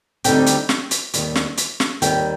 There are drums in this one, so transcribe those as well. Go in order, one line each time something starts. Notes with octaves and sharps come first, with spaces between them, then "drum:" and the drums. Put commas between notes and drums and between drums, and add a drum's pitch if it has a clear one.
D2 D3 G3 C4 D#4 G5, drum: hi-hat
drum: hi-hat
drum: snare
drum: hi-hat
D#2 D#3 G3, drum: hi-hat
drum: snare
drum: hi-hat
drum: snare
D#2 D#3 G3 G5, drum: hi-hat